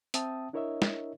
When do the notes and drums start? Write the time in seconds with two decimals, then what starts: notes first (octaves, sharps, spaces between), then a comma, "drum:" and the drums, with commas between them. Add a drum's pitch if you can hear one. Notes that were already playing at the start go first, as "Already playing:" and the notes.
0.14 C4 E5 G5 A5 D#6, drum: hi-hat
0.53 D4 E4 A#4 C#5 D#5 E5
0.82 drum: snare